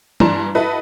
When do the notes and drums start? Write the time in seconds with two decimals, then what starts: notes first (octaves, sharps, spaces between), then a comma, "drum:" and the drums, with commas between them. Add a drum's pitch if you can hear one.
0.20 G2 E3 D4 A#5 C6 E7, drum: tom
0.55 E4 F#4 A4 B4 D#5